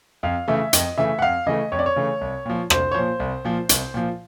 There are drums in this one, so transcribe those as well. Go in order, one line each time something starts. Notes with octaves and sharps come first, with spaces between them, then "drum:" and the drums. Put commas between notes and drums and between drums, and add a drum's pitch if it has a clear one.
F2 F5
C#3 E3 A3 E5
F2 D#5, drum: hi-hat
C#3 E3 A3 E5
F#5
F2 F5
C#3 E3 A3 D#5
F2 C#5
D5
C#5
C#3 E3 A3
C2
A#2 F3
C2 C5, drum: rim click
C#5
A#2 F3 C5
C2
A#2 F3
C2, drum: hi-hat
A#2 F3